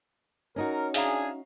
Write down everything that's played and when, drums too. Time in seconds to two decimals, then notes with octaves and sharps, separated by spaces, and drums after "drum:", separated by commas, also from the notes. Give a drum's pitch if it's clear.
0.56 C#4 D#4 F#4 A#4
0.94 D4 G#4 E5 F5 A#5, drum: open hi-hat